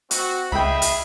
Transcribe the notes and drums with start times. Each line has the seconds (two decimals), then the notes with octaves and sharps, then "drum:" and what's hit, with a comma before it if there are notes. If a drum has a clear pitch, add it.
0.11 C4 F#4, drum: hi-hat
0.52 C#2 G#4 D#5 E5 G5 B5
0.82 drum: hi-hat